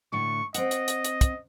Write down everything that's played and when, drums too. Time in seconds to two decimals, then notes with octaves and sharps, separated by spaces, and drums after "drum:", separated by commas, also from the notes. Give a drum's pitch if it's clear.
0.12 A2 D3 C#6
0.54 C4 D#5 F#5, drum: hi-hat
0.71 drum: hi-hat
0.88 drum: hi-hat
1.04 drum: hi-hat
1.21 drum: kick, hi-hat